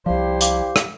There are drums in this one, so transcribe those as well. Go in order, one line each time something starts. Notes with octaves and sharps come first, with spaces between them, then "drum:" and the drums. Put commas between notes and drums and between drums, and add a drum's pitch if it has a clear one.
C2 F3 D4 E4 G4 C5 F5
F5 D6, drum: hi-hat
drum: rim click